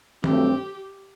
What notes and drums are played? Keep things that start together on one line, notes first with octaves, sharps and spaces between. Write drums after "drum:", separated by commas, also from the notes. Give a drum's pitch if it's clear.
G2 F#3 A3 C4 G4, drum: tom D#3